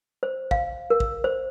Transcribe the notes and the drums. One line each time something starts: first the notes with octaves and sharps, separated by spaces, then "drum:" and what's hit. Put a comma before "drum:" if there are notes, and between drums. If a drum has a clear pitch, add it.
C5
F5, drum: kick
A#4
drum: kick
C5